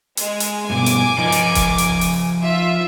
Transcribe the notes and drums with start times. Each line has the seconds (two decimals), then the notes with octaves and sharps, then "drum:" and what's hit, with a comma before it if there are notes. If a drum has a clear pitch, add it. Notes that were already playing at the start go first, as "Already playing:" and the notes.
0.17 G#3, drum: hi-hat
0.40 drum: hi-hat
0.70 G2 B2 G#5 D6
0.86 drum: hi-hat
1.18 F3 D#4
1.32 drum: hi-hat
1.55 drum: kick E1, hi-hat
1.78 drum: hi-hat
2.01 drum: open hi-hat
2.42 F4 E5